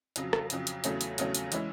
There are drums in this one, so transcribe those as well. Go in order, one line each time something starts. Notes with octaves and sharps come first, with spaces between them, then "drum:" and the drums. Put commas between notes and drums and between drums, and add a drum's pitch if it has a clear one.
F2 C#3 F#3, drum: hi-hat
drum: rim click
F2 C#3 F#3, drum: hi-hat
drum: hi-hat
E2 C#3 F#3 A3 C#4, drum: hi-hat
drum: hi-hat
E2 C#3 F#3 A3 C#4, drum: hi-hat
drum: hi-hat
E3 G#3 C#4 E4, drum: hi-hat